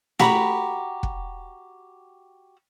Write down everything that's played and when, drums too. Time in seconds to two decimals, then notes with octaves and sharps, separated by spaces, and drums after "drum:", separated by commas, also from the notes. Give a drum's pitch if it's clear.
0.19 F#4 G4 A#5 B5, drum: snare
1.03 drum: kick